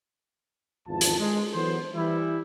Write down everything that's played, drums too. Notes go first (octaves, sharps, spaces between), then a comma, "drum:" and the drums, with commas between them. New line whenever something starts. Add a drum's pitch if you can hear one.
G#1 E2 F3 F4 A5
drum: hi-hat
G#3
E3 F#3 B3 A4 C5
E3 G3 E4